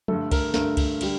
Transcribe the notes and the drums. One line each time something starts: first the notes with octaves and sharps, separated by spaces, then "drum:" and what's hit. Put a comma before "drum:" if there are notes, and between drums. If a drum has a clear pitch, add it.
G2 D3 A3 A4, drum: tom F3
A#4, drum: kick C2, cymbal
G2 D3 A3 A#4, drum: snare
drum: kick C2, cymbal
D3 G3, drum: cymbal